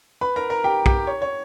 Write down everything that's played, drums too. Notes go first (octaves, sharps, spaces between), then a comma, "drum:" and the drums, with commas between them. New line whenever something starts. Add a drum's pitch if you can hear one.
B4 B5
A#4 A#5
A#4 A#5
G4 G5
G4 G5, drum: kick
C#5
C#5